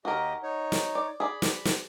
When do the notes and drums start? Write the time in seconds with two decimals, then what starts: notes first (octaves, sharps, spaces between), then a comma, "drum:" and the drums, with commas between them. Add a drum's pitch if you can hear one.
0.05 D#2 F#4 G4 A#4 D#5
0.43 D#4 C#5
0.72 drum: snare
0.95 D5
1.20 G#4 D5 B5
1.42 drum: snare
1.65 drum: snare